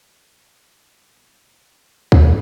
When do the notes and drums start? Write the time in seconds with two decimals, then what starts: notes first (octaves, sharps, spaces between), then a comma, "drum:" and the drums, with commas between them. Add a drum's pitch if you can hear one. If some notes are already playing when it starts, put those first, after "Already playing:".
0.28 D1
0.86 G3
1.08 B1 A#3
1.74 A#2 D3 A3
2.12 drum: kick